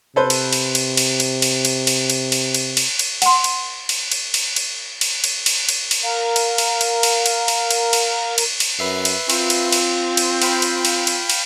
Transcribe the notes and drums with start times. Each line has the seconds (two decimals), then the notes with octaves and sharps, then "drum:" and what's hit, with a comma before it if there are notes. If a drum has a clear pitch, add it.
0.16 C3 A4 B4 C5
0.30 drum: cymbal
0.53 drum: cymbal
0.75 drum: cymbal
0.97 drum: cymbal
1.20 drum: cymbal
1.42 drum: cymbal
1.65 drum: cymbal
1.87 drum: cymbal
2.10 drum: cymbal
2.32 drum: cymbal
2.54 drum: cymbal
2.77 drum: cymbal
2.99 drum: cymbal
3.22 F#5 C6, drum: cymbal
3.44 drum: cymbal
3.89 drum: cymbal
4.12 drum: cymbal
4.34 drum: cymbal
4.56 drum: cymbal
5.01 drum: cymbal
5.24 drum: cymbal
5.46 drum: cymbal
5.69 drum: cymbal
5.91 drum: cymbal
6.03 A#4 F5
6.36 drum: cymbal
6.58 drum: cymbal
6.81 drum: cymbal
7.03 drum: cymbal
7.26 drum: cymbal
7.48 drum: cymbal
7.71 drum: cymbal
7.93 drum: cymbal
8.38 drum: cymbal
8.60 drum: cymbal
8.79 F#2 B4 E5 C7
9.05 drum: cymbal
9.30 C4 F4, drum: cymbal
9.50 drum: cymbal
9.72 drum: cymbal
10.17 drum: cymbal
10.42 F5 G5 B5, drum: cymbal
10.62 drum: cymbal
10.85 drum: cymbal
11.07 drum: cymbal
11.30 drum: cymbal